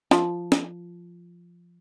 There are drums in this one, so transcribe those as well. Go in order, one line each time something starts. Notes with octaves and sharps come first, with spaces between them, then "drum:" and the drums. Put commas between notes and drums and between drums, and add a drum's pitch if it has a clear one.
F3, drum: snare
drum: snare